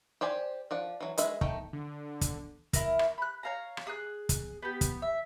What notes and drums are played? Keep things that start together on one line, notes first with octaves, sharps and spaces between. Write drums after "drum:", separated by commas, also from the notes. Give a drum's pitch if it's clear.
G4 C5 D5 G#5
F3 D5 F#5
E3 F#3
G#3 B4 E5, drum: hi-hat
A3 D#4 G5, drum: kick
D3
drum: kick, hi-hat
E4 A#4, drum: kick, hi-hat
drum: rim click
B5 F#6
C#5 F5 A#5
drum: rim click
G#4 F#6
drum: kick, hi-hat
B3 G4
drum: kick, hi-hat
E5